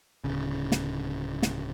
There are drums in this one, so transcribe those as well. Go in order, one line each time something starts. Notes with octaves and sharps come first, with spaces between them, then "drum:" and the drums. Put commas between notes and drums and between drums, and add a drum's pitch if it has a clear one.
D1 G1 C#3
drum: snare
drum: snare